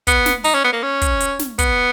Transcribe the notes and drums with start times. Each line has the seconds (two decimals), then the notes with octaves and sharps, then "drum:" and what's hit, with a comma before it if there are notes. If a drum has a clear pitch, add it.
0.07 B3, drum: kick, hi-hat
0.26 drum: snare
0.44 D#4, drum: open hi-hat
0.54 C#4
0.64 B3
0.73 A#3
0.83 C#4
1.01 drum: kick, hi-hat
1.20 drum: hi-hat
1.39 drum: snare
1.59 B3, drum: kick, hi-hat